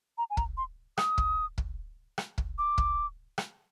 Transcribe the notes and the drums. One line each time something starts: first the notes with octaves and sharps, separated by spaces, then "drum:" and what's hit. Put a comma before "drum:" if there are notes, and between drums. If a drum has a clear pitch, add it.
A#5
G#5
A#5, drum: kick
C6
D#6, drum: rim click
drum: kick
drum: kick
drum: rim click
drum: kick
D6
drum: kick
drum: rim click